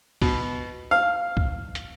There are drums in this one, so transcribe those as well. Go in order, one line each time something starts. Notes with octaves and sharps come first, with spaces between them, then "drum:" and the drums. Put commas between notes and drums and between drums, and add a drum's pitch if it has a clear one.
B2, drum: kick, open hi-hat
F5
drum: kick
drum: hi-hat